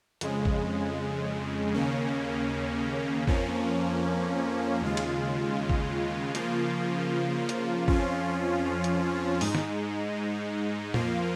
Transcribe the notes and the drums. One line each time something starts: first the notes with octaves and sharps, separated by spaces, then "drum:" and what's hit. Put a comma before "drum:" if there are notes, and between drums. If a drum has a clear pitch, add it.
F2 C#3 G#3, drum: hi-hat
drum: kick
D#2 C#3 A#3 C#4
F2 F3 A#3 C#4, drum: kick
D#2 C#3 G#3 F4
drum: cymbal
drum: kick
C#3 F3 A#3 F4, drum: hi-hat
drum: hi-hat
F2 F3 C#4 F4, drum: kick
drum: hi-hat
G#2 G#3 D#4, drum: open hi-hat
drum: snare
F2 F3 A#3 F4, drum: tom A#2